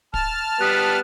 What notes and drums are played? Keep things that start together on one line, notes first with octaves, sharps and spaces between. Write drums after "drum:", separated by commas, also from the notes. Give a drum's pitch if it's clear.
A5 F6, drum: kick
G3 B3 D#6 F#6